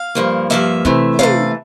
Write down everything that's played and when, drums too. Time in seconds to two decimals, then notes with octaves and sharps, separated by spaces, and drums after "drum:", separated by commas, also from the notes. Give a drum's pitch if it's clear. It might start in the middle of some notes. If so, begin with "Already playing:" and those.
Already playing: F5
0.15 G2 F3 A#3
0.50 G2 F3 A#3 E5
0.85 C3 E3 A3, drum: kick
1.19 C3 E3 A3 F5, drum: tom